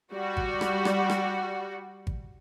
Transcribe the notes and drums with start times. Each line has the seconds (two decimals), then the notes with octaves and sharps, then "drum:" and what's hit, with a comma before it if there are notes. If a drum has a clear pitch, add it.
0.12 G3 F#4
0.37 drum: kick G#1
0.61 drum: rim click
0.85 drum: rim click
1.10 drum: rim click
2.07 drum: kick G#1